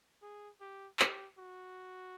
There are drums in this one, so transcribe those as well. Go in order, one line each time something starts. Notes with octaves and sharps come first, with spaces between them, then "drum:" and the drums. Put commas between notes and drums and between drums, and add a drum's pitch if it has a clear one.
G#4
G4
G4, drum: clap
F#4